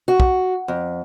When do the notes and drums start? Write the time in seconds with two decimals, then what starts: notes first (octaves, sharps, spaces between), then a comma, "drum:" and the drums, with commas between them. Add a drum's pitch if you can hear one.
0.08 F#4
0.20 drum: kick
0.68 F2